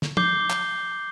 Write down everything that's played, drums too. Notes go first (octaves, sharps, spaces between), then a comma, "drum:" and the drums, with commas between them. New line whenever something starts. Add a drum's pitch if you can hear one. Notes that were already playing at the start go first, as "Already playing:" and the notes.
drum: snare
D6 G6 C7 G7, drum: tom
drum: clap